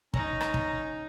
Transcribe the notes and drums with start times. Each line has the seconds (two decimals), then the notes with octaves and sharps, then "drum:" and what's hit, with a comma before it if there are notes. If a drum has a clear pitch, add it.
0.14 C#4 D#4 A#5, drum: kick
0.41 drum: rim click
0.54 drum: kick